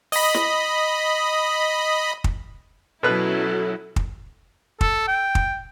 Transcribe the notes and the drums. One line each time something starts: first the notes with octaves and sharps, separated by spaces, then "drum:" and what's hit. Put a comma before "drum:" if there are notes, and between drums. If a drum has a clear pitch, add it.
D#5 B5, drum: open hi-hat
drum: snare
drum: kick
B2 F#3 C#4 E4 A4 B4 F#6
drum: kick
A4, drum: kick
G5
drum: kick